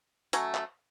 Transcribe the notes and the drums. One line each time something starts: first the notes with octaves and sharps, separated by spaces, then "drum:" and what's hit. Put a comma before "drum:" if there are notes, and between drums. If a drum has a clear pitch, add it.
F#3 A3 C#4, drum: hi-hat
drum: clap